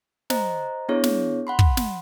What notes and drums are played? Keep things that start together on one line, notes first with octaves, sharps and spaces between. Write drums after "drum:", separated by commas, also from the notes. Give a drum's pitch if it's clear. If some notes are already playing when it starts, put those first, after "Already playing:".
C5 D#5 A#5, drum: snare
B3 D4 E4 G#4 C#5
drum: snare
F#5 B5 C6
drum: kick
drum: snare